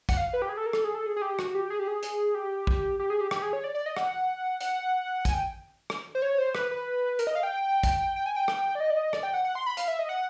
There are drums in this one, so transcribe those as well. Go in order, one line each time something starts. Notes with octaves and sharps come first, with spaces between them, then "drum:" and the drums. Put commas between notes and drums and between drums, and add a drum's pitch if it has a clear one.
F#5, drum: kick, hi-hat
F5
B4
G4
G#4
A4
A#4
A4, drum: rim click
G#4
A4
G#4
G#4
G4
F#4, drum: rim click
G4
G#4
G4
G#4
drum: hi-hat
G4
drum: kick
G4
G#4
G4
G4, drum: rim click
G#4
C#5
D5
D5
D#5
F#5, drum: rim click
F#5, drum: hi-hat
G#5, drum: kick, hi-hat
G5
drum: rim click
C5
C#5
C5
B4, drum: rim click
B4
A#4, drum: hi-hat
D#5
F5
G5
drum: kick, hi-hat
G5
G#5
G5
drum: rim click
D5
D#5
D5
D#5
D5, drum: rim click
G5
F#5
F#5
C6
B5
F5, drum: hi-hat
E5
D#5
F#5